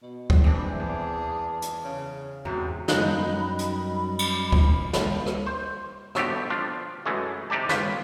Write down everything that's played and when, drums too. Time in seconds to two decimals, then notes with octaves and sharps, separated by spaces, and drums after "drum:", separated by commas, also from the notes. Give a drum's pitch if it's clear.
0.03 B2
0.30 drum: kick D2
0.44 E3 C4 D4 G#4
0.80 E2
1.62 drum: hi-hat
1.84 C#3
2.45 E2 G#2 C3 F#4
2.88 F#2 G3 D#4 B5 F#6, drum: snare
3.59 drum: hi-hat
4.19 drum: cymbal
4.52 drum: kick D2
4.93 drum: snare
5.26 drum: rim click
5.46 C5
6.15 G2 B2 A3 B3 C4 G4, drum: rim click
6.50 F3 D4 F4
7.06 F#2 E3 G#3 A3
7.50 C3 D#4 G4 D5 A5
7.69 C#4 F4 B4, drum: snare